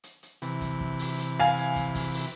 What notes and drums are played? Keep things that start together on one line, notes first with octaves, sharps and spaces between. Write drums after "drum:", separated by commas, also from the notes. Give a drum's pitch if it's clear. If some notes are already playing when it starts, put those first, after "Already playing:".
drum: hi-hat
drum: hi-hat
C3 E3, drum: hi-hat
drum: kick, hi-hat
drum: kick
drum: open hi-hat
drum: hi-hat
F5 G#5, drum: hi-hat
drum: hi-hat
drum: kick, hi-hat
drum: kick, open hi-hat
drum: open hi-hat